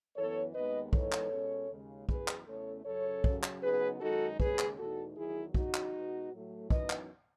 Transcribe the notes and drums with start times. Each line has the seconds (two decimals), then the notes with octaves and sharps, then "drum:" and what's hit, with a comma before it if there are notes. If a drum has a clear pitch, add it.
0.16 F#2 E3 B3 A4 C#5
0.54 D#2 D#3 G#3 B3 B4 D#5
0.93 G#2 E3 G#3 B3 D#4 A4 C#5, drum: kick
1.12 drum: clap
1.31 B2 G#3 C#4
1.70 D#2 C#3 G#3
2.09 F#2 E3 B3 G#4 B4, drum: kick
2.28 drum: clap
2.47 E2 C#3 E3 A3 C#4 A4 C#5
2.85 F#2 C#3 F#3 A4 C#5
3.24 F#2 C#3 F#3 C#4, drum: kick
3.43 drum: clap
3.62 C#3 F#3 B3 D#4 G#4 B4
4.01 F#2 D#3 G#3 D#4 F#4 A4
4.40 D#2 C#3 G#3 C#4 G#4 B4, drum: kick
4.59 drum: clap
4.78 E2 B2 A3 D#4 F#4 A4
5.16 E2 D#3 F#3 E4 G#4
5.54 E2 C#3 F#3 D#4 F#4, drum: kick
5.74 drum: clap
5.93 B2 G#3 B3
6.32 A2 F#3 A3
6.70 F#2 E3 B3 D#4 B4 D#5, drum: kick
6.90 drum: clap